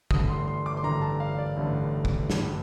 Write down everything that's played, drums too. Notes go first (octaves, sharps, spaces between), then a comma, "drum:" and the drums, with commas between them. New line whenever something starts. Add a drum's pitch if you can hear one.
A1 G2 D3 A3 D#6, drum: kick
C6
C6
D6
C6
A1 G2 D3 A3 A#5
A5
F5
D5
A1 G2 D3 A3
drum: kick
A1 G2 D3 A3, drum: snare